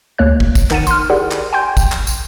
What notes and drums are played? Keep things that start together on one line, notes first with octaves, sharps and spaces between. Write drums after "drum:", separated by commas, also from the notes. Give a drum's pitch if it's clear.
D2 A#3 C#5 F#6
drum: kick
drum: kick, tambourine
D#3 D#4 F#5 A6 C#7 D#7, drum: clap
C6 F6, drum: tambourine
E4 G4 G#4 A#4 D5 F#5
drum: clap
G5 G#5 C6 G6
drum: kick, tambourine
drum: clap
drum: tambourine